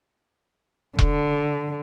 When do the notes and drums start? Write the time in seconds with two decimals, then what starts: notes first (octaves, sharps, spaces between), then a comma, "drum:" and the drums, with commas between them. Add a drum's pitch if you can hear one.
0.99 D3, drum: kick E1